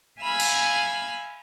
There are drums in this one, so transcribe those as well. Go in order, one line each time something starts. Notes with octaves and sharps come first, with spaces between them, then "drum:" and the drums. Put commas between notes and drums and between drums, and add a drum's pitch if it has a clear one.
E5 F5 G#5 B5 E6 F6
drum: cymbal